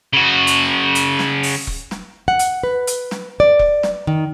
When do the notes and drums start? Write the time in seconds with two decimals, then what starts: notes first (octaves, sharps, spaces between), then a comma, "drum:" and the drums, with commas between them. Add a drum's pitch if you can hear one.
0.13 C#3 F#4
0.47 drum: hi-hat
0.95 drum: hi-hat
1.19 drum: snare
1.43 drum: open hi-hat
1.67 drum: kick E1
1.91 drum: snare
2.28 F#5
2.39 drum: hi-hat
2.63 B4
2.87 drum: hi-hat
3.11 drum: snare
3.40 D5
3.59 drum: kick E1
3.83 drum: snare
4.07 D#3